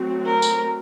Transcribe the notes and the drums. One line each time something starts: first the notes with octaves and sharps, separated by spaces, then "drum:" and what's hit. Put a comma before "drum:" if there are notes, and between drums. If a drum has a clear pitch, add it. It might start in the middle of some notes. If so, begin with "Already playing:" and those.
Already playing: F#3 A3 C4 F#4
A#4
drum: tambourine